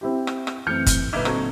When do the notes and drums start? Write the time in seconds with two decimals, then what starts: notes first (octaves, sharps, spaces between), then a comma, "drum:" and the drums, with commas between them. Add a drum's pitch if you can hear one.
0.01 C4 E4 G4
0.27 drum: rim click
0.47 drum: rim click
0.67 F#2 E3 A3 C4 F6 G6 C#7
0.86 drum: kick, hi-hat
1.13 B1 A#2 D3 D#4 B4 E5 D6 G#6
1.25 F#3 C4 A4 C#6, drum: rim click